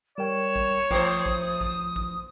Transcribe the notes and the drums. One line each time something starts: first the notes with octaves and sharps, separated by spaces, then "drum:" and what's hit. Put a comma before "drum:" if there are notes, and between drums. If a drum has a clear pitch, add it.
G3 A#4 C#5 G5 E7
drum: kick A1
F3 A3 C5 D#6, drum: kick A1
drum: kick A1
drum: kick A1
drum: kick A1